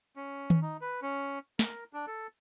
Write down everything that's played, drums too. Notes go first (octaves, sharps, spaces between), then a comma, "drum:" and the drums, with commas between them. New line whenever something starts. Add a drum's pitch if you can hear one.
C#4
drum: tom D#3
D#4
B4
C#4
A#4, drum: snare
D4
A4